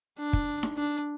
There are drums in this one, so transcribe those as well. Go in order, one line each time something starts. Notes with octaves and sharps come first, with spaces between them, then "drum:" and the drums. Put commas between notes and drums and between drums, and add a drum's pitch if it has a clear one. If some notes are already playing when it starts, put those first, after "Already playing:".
D4
drum: kick
drum: snare D#4
D4